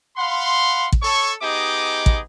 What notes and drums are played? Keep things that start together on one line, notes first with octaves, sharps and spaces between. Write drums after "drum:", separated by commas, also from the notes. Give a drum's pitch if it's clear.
F5 F#5 B5 C6
drum: kick
A4 C#5 C#6
B3 D#4 G4 G#4 D#5 D6
drum: kick